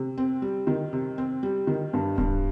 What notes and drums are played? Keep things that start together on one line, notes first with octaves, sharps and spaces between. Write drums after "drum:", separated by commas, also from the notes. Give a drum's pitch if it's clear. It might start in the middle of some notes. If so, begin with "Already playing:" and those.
Already playing: C3
C4
G3
D#3
C3
C4
G3
D#3
G2
G2, drum: kick D1